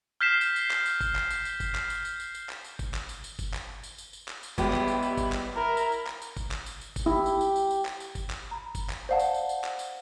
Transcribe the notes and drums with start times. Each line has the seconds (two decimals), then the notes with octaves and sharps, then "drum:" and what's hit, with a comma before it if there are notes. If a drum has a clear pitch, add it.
0.21 F6 G6 B6 C7 E7
0.41 drum: tambourine
0.56 drum: tambourine
0.71 drum: clap
0.86 drum: tambourine
1.01 drum: kick G1, tambourine
1.15 drum: clap
1.30 drum: tambourine
1.45 drum: tambourine
1.60 drum: kick G1, tambourine
1.75 drum: clap
1.90 drum: tambourine
2.05 drum: tambourine
2.20 drum: tambourine
2.35 drum: tambourine
2.49 drum: clap
2.64 drum: tambourine
2.79 drum: kick G1, tambourine
2.94 drum: clap
3.09 drum: tambourine
3.24 drum: tambourine
3.39 drum: kick G1, tambourine
3.54 drum: clap
3.83 drum: tambourine
3.98 drum: tambourine
4.13 drum: tambourine
4.28 drum: clap
4.43 drum: tambourine
4.58 G1 G3 G#3 B3 E4 G4, drum: kick G1, tambourine
4.73 drum: clap
4.88 drum: tambourine
5.03 drum: tambourine
5.17 drum: kick G1, tambourine
5.32 drum: clap
5.56 E4 A#4
5.77 drum: tambourine
5.92 drum: tambourine
6.07 drum: clap
6.22 drum: tambourine
6.37 drum: kick G1, tambourine
6.51 drum: clap
6.66 drum: tambourine
6.81 drum: tambourine
6.96 drum: kick G1, tambourine
7.06 E4 G4
7.26 drum: tambourine
7.41 drum: tambourine
7.56 drum: tambourine
7.71 drum: tambourine
7.85 drum: clap
8.00 drum: tambourine
8.15 drum: kick G1, tambourine
8.30 drum: clap
8.51 A#5 B5
8.75 drum: kick G1, tambourine
8.90 drum: clap
9.09 C5 D5 F5 F#5 A5
9.19 drum: tambourine
9.34 drum: tambourine
9.49 drum: tambourine
9.64 drum: clap
9.79 drum: tambourine